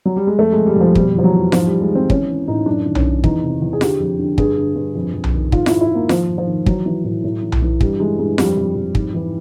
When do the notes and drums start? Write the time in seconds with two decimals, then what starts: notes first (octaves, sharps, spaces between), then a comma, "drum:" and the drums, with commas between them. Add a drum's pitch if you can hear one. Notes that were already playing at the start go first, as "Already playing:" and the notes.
0.05 F#3
0.16 G3
0.27 G#3
0.38 F2 A3
0.53 F2 G#3
0.66 G3
0.76 F2 F3
0.95 B2 G3, drum: kick
1.14 E2 F3
1.24 F#3
1.33 E2
1.52 G#2 F3, drum: snare F4
1.66 G3
1.71 G#2
1.81 G#3
1.90 D#3
1.95 C4
2.10 E3 C#4, drum: kick
2.29 E3
2.48 A2 D#4
2.66 F#2 D4
2.86 D#3
2.95 C#4, drum: tom B1
3.05 D#3
3.24 E2 D#4, drum: kick
3.43 C3
3.62 E2
3.73 G#4
3.81 D3 G4, drum: snare F4
4.00 F2
4.19 D3
4.38 G2 G#4, drum: kick
4.57 D3
4.76 G2
4.95 F2
5.14 F2
5.24 drum: tom B1
5.33 D#3
5.52 G#2 F4, drum: kick
5.66 E4, drum: snare F4
5.71 G#2
5.81 E4
5.90 G#2 A#3
6.09 D#3 F3, drum: snare F4
6.29 G#2
6.38 F3
6.47 D#3
6.66 E3 F#3, drum: kick
6.86 E3
7.04 A2
7.24 A2
7.43 E3
7.52 drum: tom B1
7.62 E3
7.81 G2 G3, drum: kick
8.00 E3 G#3
8.19 G2 G#3
8.38 F2 G3, drum: snare F4
8.57 F2
8.76 F2
8.95 G#2, drum: kick
9.14 E3